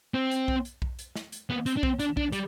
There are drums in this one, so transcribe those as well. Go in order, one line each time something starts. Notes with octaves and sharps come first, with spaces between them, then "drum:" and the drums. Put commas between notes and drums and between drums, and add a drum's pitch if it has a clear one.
C4
drum: hi-hat
drum: kick B1
drum: hi-hat
drum: kick B1
drum: hi-hat
drum: snare
drum: hi-hat
B3
C4, drum: hi-hat
D4
C4, drum: kick B1
D4, drum: hi-hat
D4, drum: kick B1
G3, drum: hi-hat